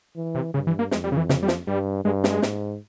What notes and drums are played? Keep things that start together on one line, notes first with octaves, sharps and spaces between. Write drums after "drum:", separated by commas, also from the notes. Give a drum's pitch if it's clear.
E3
C3
G2 C#3
E3
A#3
F2 G#3, drum: snare
G3
C#3
E3
C#3, drum: snare
G3
F3, drum: snare
G2 G3
G2 G#3
G#3, drum: snare
G#2, drum: snare